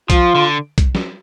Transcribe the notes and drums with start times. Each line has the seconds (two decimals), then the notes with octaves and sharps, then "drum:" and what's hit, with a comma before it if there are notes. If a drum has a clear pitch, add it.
0.10 F3 F4, drum: kick B1, hi-hat
0.35 D3
0.78 drum: kick B1, hi-hat
0.95 drum: snare